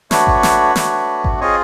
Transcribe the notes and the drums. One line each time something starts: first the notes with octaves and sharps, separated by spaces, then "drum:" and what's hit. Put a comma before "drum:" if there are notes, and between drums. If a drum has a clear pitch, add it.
A3 D4 F#4 B4 C#5, drum: snare
drum: kick G#1
drum: snare
A3 D4 F#4, drum: snare
drum: kick G#1
C4 F4 G#4 C#5 D#5